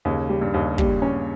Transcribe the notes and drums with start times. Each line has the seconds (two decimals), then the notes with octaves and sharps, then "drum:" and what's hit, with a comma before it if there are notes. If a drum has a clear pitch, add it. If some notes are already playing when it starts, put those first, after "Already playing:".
0.05 D#2 C#3
0.29 G3
0.41 G2
0.54 D#2
0.78 A#2 G3, drum: kick
1.02 C#4